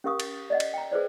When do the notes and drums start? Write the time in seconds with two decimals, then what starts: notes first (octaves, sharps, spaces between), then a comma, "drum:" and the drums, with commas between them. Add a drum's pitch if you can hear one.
0.04 C#4 G4 A#4 F5 C#6 D#6
0.20 drum: cymbal
0.50 D5 D#5 F#5
0.60 drum: cymbal
0.74 G5 A#5
0.91 G#4 B4 C5 D5